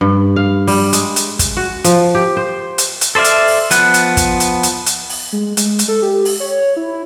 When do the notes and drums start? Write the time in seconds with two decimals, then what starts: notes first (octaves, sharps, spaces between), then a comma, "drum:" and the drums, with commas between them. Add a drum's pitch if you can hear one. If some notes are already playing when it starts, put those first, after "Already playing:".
0.01 G2
0.36 F5
0.67 G3, drum: open hi-hat
0.93 G#3, drum: hi-hat
1.16 drum: hi-hat
1.39 drum: kick, hi-hat
1.57 F#4
1.84 F3, drum: hi-hat
2.15 G4
2.37 C5
2.78 drum: hi-hat
3.01 drum: hi-hat
3.15 A4 C5 D5 E5 F6
3.24 drum: hi-hat
3.47 drum: open hi-hat
3.71 F3 B3 F#6, drum: hi-hat
3.94 drum: hi-hat
4.17 drum: kick, hi-hat
4.40 drum: hi-hat
4.63 drum: hi-hat
4.86 drum: hi-hat
5.09 drum: open hi-hat
5.33 G#3
5.57 G#3, drum: hi-hat
5.79 drum: hi-hat
5.88 A4
6.02 G4
6.25 drum: open hi-hat
6.40 C#5
6.77 E4